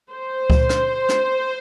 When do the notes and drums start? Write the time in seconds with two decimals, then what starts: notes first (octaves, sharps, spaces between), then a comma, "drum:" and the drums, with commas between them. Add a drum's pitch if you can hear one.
0.10 C5
0.50 drum: kick C#2
0.69 drum: rim click
1.09 drum: rim click